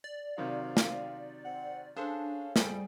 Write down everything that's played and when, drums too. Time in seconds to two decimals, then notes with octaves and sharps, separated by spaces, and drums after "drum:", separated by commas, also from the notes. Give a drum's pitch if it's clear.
0.04 D5
0.37 C3 D#3 F#3 C4 F5
0.77 drum: snare
1.45 C4 F#5
1.97 C#4 D4 G#4 A4 C5 F5
2.56 F2 G3 G#4 G5, drum: snare